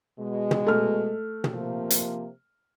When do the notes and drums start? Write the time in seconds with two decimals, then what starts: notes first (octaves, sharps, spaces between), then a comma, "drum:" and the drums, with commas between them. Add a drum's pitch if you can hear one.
0.19 B2 G#3
0.51 drum: tom
0.67 A3 F6
1.44 drum: tom
1.53 C3 F3 A#3
1.90 drum: hi-hat